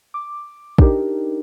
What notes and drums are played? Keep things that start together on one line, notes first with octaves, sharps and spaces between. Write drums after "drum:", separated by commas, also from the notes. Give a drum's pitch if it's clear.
D6
D4 D#4 G4 A#4, drum: kick